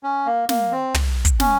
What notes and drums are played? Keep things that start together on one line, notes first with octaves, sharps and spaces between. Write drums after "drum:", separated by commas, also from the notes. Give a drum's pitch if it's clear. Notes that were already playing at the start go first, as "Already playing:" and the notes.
C#4
A#3
A#3, drum: snare
C4
drum: tom
drum: kick, hi-hat
C#4, drum: snare